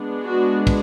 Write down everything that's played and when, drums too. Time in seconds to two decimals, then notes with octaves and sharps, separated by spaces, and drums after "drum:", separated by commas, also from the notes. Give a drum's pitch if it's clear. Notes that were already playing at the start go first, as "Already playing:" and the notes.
Already playing: G#3 B3 D4
0.25 F#4
0.67 drum: kick, cymbal